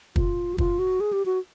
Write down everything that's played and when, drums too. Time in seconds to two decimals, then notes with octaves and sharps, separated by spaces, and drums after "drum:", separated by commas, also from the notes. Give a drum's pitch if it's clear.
0.16 F4, drum: kick
0.54 F#4
0.58 F4, drum: kick
0.79 F#4
1.00 G#4
1.13 G4
1.26 F#4